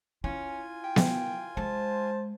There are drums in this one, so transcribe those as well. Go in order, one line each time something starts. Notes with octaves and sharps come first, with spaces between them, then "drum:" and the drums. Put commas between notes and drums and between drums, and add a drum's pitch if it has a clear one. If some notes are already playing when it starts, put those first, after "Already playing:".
C#4 E4 F4 G#5
G5
drum: snare B3
G#3 C5 A5